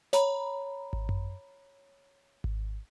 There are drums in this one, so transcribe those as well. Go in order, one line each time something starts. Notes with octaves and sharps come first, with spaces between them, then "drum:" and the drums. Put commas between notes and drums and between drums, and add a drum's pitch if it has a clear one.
C#5 A#5 B5, drum: snare
drum: kick G#1
drum: tom F#2
drum: kick G#1